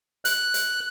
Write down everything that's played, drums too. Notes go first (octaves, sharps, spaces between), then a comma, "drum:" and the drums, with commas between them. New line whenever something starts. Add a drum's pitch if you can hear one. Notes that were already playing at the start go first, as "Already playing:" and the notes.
F#6, drum: hi-hat
drum: hi-hat